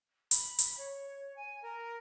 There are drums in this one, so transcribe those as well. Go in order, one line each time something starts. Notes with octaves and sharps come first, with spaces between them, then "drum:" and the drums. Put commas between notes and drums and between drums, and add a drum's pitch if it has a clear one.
B5, drum: hi-hat
drum: hi-hat
C#5
G#5
A#4